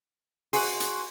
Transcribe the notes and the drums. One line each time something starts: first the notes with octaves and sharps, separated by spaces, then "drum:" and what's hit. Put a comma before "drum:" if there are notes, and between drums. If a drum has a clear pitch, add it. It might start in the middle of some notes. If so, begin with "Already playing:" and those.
F#4 G#4 C6 C#6 F#6, drum: open hi-hat
drum: hi-hat